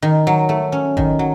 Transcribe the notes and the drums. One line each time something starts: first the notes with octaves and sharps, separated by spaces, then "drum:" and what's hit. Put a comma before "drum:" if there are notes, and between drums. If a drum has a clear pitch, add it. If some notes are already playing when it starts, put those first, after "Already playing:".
D#3
F#3
A3
C#4
D#3, drum: kick A1
F#3